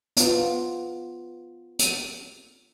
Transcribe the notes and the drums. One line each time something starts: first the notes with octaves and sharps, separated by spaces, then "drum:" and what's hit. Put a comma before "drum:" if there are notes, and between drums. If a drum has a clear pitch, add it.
B3 F4, drum: hi-hat
drum: hi-hat